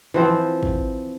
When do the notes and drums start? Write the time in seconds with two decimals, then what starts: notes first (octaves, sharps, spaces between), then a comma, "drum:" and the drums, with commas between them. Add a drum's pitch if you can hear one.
0.14 E3 F3 C4
0.63 drum: kick